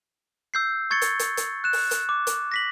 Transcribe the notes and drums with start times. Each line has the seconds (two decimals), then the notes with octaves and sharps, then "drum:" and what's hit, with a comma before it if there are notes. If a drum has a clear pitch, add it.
0.54 E6 G6 C7
0.91 C#6 G#6 A6 C#7 G7
1.02 drum: hi-hat
1.19 drum: hi-hat
1.37 drum: hi-hat
1.64 F#6 E7
1.73 drum: open hi-hat
1.91 drum: hi-hat
2.09 D6
2.27 drum: hi-hat
2.52 A#6 B6 F#7